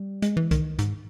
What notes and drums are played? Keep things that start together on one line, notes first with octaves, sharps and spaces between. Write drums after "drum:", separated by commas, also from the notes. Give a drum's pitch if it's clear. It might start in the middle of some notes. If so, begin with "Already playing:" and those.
Already playing: G3
G#3, drum: hi-hat
E3
D#3, drum: kick C2, hi-hat
G#2, drum: hi-hat